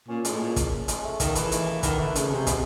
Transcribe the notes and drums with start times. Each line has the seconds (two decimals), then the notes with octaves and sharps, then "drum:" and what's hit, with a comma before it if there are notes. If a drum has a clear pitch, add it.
0.08 A#2 C#4
0.25 G#3, drum: hi-hat
0.31 A2
0.40 A#2
0.56 drum: kick, hi-hat
0.88 G#3, drum: hi-hat
1.04 A3
1.20 D#3 A#3, drum: kick, hi-hat
1.35 E3, drum: hi-hat
1.42 G#3
1.52 A3, drum: hi-hat
1.67 A#3
1.83 D#3 B3, drum: kick, hi-hat
1.99 D3 A3
2.15 C#3 A3, drum: hi-hat
2.31 C3 G#3
2.47 B2 G#3, drum: kick, hi-hat